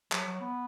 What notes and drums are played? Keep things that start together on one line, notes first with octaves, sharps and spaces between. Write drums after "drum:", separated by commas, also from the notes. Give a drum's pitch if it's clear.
F#3, drum: clap
F#3
B3